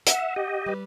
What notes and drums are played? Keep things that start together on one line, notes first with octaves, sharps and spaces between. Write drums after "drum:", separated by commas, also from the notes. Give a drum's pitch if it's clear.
E5 F#5, drum: hi-hat
G4 D#5
G3 B4